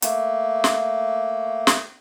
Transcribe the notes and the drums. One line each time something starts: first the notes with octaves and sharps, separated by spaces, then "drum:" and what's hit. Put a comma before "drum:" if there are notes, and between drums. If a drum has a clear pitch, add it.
A3 A#3, drum: hi-hat
drum: snare
drum: snare